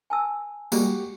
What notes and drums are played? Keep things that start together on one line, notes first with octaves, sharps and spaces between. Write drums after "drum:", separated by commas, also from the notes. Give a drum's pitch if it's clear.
G#5 A5 E6
G3 G#3 A#3 F#4 G4, drum: tambourine